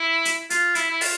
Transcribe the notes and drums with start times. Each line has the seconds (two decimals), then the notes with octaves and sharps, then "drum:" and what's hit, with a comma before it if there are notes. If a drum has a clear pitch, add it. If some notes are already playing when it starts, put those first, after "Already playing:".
Already playing: E4
0.25 drum: hi-hat
0.50 F4, drum: hi-hat
0.75 E4, drum: hi-hat
0.90 E4
1.01 F4, drum: open hi-hat